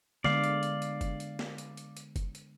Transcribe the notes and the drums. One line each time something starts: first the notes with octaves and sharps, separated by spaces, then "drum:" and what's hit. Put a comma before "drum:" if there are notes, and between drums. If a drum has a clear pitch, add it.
D3 G#3 B3 D5 F5, drum: snare
drum: hi-hat
drum: hi-hat
drum: hi-hat
drum: kick F#1, hi-hat
drum: hi-hat
drum: snare
drum: hi-hat
drum: hi-hat
drum: hi-hat
drum: kick F#1, hi-hat
drum: hi-hat